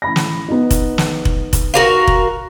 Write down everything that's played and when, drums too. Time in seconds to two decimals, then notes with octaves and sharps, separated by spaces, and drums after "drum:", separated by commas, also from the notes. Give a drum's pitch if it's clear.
0.02 A1 B5 A#6
0.16 drum: snare
0.48 B3 D#4
0.71 drum: kick F1, hi-hat
0.98 drum: snare
1.25 drum: kick F1
1.53 drum: kick F1, hi-hat
1.74 F#4 A#4 F5
2.07 drum: kick F1